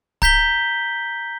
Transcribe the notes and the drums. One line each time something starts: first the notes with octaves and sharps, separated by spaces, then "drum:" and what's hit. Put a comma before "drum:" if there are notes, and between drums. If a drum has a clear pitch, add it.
A#5 G6 B6 G7, drum: kick